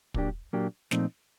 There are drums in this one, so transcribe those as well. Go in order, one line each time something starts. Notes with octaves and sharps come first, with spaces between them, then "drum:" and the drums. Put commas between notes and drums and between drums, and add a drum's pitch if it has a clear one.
A#2 F#3 A#3 D4 G4, drum: kick
A#2 F#3 A#3 D4 G4
A#2 F3 A3 C4 D#4, drum: snare